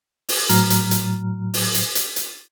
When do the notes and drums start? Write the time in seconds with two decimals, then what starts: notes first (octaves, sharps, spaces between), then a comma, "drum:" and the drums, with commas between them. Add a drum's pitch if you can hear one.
0.29 drum: open hi-hat
0.49 A2 F#3 A#5 F6, drum: hi-hat
0.70 drum: hi-hat
0.91 drum: hi-hat
1.54 drum: open hi-hat
1.74 drum: hi-hat
1.95 drum: hi-hat
2.16 drum: hi-hat